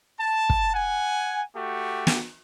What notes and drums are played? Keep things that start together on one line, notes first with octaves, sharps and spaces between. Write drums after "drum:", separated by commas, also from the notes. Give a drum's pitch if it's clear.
A5
drum: kick
F#5 G#5
A3 F#4 G4
drum: snare